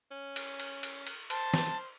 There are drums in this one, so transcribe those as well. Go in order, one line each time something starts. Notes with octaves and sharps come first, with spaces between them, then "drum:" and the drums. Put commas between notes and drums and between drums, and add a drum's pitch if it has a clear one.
C#4
drum: cymbal
drum: cymbal
drum: cymbal
drum: cymbal
C5 A5, drum: cymbal
drum: snare